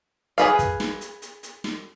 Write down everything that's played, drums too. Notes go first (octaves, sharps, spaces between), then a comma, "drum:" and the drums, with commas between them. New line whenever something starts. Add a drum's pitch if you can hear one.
G#4 B4 F5, drum: hi-hat
drum: kick, hi-hat
drum: snare
drum: hi-hat
drum: hi-hat
drum: hi-hat
drum: snare